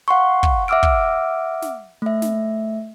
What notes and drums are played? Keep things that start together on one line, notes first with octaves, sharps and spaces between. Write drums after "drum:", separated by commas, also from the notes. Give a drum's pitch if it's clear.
F5 F#5 C6 C#6
drum: kick
E5 F#5 D6 E6 F6 D7
drum: kick
drum: snare
A3 E5
drum: snare